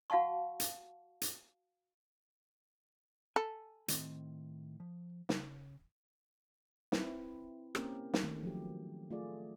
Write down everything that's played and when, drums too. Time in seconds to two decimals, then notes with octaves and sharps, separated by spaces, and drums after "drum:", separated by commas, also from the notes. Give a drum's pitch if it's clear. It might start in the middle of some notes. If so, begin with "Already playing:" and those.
0.10 F#4 F5 F#5 A5 C#6
0.60 drum: hi-hat
1.22 drum: hi-hat
3.36 A4 G#5 B5
3.88 A2 D#3 C4, drum: hi-hat
4.80 F3
5.29 C#3, drum: snare
6.92 C4 E4 B4, drum: snare
7.75 A#3 C4 C#4 G4 A#4, drum: rim click
8.14 drum: snare
8.23 D#3 A3
8.43 F3 F#3 G4
9.11 A3 F4 G#4 D5